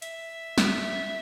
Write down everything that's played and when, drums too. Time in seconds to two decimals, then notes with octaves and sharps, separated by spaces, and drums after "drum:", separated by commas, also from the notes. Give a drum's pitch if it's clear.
0.02 E5, drum: hi-hat
0.58 drum: snare